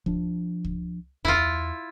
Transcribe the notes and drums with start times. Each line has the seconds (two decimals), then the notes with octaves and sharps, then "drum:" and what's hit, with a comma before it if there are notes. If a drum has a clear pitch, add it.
0.06 F3 D4, drum: kick C#2
0.65 drum: kick C#2
1.25 E2 E4 F4, drum: kick C#2